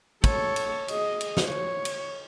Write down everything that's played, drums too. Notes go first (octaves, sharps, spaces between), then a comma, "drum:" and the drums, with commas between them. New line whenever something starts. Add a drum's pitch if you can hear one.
A4 C#5, drum: kick, cymbal
drum: cymbal
G#4 D#5, drum: cymbal
drum: cymbal
drum: snare
C#5
drum: cymbal